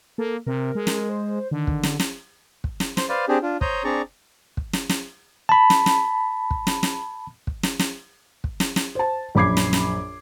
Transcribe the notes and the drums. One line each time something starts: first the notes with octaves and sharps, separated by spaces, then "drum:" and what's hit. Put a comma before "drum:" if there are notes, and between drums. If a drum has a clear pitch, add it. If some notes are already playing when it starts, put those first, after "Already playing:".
A#3 A4
C3 A#4
G#3
drum: snare
C5
D3 D#3
drum: kick
drum: snare
drum: snare
drum: kick
drum: snare
C5 C6, drum: snare
B4 C5 D5 F5
C4 D4 G4 G#4
D4 F4
C5 C#5 A#5 D#6 G6, drum: kick
C4 D4 G#4 D5 A#5 C#6
drum: kick
drum: snare
drum: snare
A5 B5
drum: snare
drum: snare
drum: kick
drum: snare
drum: snare
drum: kick
drum: snare
drum: snare
drum: kick
drum: snare
drum: snare
C5 A5
A#1 F#2 B5 D6 G#6 C7
drum: snare
drum: snare